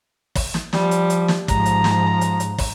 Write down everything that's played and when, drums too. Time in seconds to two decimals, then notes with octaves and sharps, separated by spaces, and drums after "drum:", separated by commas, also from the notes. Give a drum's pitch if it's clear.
0.35 drum: kick, open hi-hat
0.54 drum: snare
0.73 F3 G3, drum: snare
0.91 drum: hi-hat
1.10 drum: hi-hat
1.28 drum: snare
1.48 G#2 F3 A#5, drum: kick, hi-hat
1.66 drum: hi-hat
1.84 drum: snare
2.21 drum: hi-hat
2.40 drum: hi-hat
2.58 drum: kick, open hi-hat